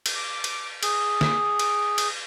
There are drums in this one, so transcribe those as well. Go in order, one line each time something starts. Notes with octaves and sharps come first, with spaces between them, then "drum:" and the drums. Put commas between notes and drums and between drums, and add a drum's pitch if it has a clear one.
drum: cymbal
D6
drum: cymbal
G#4, drum: cymbal
drum: snare
drum: cymbal
drum: cymbal